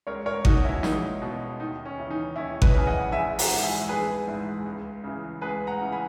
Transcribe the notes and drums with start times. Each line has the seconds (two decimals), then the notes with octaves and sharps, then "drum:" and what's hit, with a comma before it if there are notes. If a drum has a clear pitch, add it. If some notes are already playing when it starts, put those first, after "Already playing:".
0.07 C#2 A#4 C#5
0.26 A#4 C#5
0.45 B2 D#4 F#4, drum: kick G#1
0.64 C#4 E4
0.83 C#2 D#4, drum: snare
1.22 B2
1.60 D#2 D#4
1.85 C#4
1.98 C#3 E3
2.11 D#4
2.36 D#2 C#4 E4
2.62 B4 D#5, drum: kick G#1
2.75 C#3 E3 G#5
2.87 D#5 F#5
3.12 A#1 E5 G#5
3.39 F#5 A#5, drum: open hi-hat
3.51 G#2 E3
3.63 E5 G#5
3.89 A#1 G#4 B4
4.28 G#2 E3
4.66 C#2
5.04 C#3 E3
5.41 C#2 G#4 B4
5.67 F#5 A#5
5.80 C#3 E3
5.92 G#5 B5